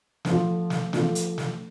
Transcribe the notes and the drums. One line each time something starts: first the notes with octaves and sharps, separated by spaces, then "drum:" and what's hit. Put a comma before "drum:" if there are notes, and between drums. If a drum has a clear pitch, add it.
D3 F3 D4 F4, drum: snare
drum: snare
D3 F3 D4 F4, drum: snare
drum: hi-hat
drum: snare